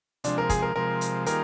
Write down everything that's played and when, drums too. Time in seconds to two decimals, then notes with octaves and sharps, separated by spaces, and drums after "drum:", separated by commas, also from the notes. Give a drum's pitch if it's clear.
0.24 C3 F3 G#3 D4, drum: hi-hat
0.38 A#4
0.50 G#4, drum: kick, hi-hat
0.62 A#4
0.76 C3 F3 G#3 A#4
1.01 drum: hi-hat
1.26 D#3 G3 A#3 F4 G#4 A#4, drum: hi-hat